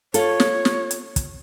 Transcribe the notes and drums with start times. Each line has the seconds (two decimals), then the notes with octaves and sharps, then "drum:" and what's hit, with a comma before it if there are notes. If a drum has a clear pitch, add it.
0.14 F4 A4 C#5, drum: hi-hat
0.40 drum: snare
0.65 drum: snare
0.91 drum: hi-hat
1.16 drum: kick, hi-hat